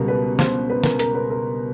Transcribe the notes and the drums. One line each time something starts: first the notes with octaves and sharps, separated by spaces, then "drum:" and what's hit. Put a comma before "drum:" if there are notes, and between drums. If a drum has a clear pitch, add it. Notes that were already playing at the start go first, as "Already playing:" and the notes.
Already playing: C#2 B2 G3 A#4
B4
C5, drum: snare
B4
A#4, drum: snare
A#4, drum: hi-hat
B4
A#4